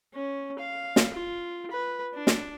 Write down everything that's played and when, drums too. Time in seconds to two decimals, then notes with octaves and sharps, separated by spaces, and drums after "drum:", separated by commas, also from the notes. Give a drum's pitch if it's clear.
0.14 C#4
0.59 F5
0.96 drum: snare
1.14 F4
1.71 B4
2.14 D4
2.27 drum: snare